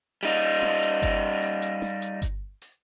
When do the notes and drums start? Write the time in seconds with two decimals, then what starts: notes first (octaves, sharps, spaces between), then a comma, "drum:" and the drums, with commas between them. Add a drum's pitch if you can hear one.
0.23 G3 D#4, drum: open hi-hat
0.62 drum: snare
0.82 drum: hi-hat
1.02 drum: kick G1, hi-hat
1.42 drum: open hi-hat
1.62 drum: hi-hat
1.82 drum: snare
2.02 drum: hi-hat
2.22 drum: kick G1, hi-hat
2.62 drum: open hi-hat